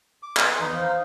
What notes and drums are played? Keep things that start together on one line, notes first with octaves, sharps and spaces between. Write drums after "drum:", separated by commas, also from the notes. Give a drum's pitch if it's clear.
D6
B4 D#5 C6, drum: clap
E2 E3 D#4
C5 F5